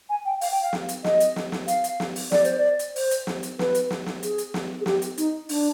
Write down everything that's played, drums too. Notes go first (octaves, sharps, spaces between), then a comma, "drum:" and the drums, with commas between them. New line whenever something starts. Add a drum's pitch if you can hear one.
G#5
G5
F5, drum: open hi-hat
G5
F5
drum: snare
drum: hi-hat
D#5, drum: snare
drum: hi-hat
drum: snare
drum: snare
F5, drum: hi-hat
drum: hi-hat
drum: snare
drum: open hi-hat
D5, drum: snare
C5, drum: hi-hat
D5
drum: hi-hat
C5, drum: open hi-hat
drum: hi-hat
drum: snare
drum: hi-hat
B4, drum: snare
drum: hi-hat
drum: snare
drum: snare
G#4, drum: hi-hat
drum: hi-hat
drum: snare
G#4
G4, drum: snare
drum: hi-hat
D#4, drum: hi-hat
D4, drum: open hi-hat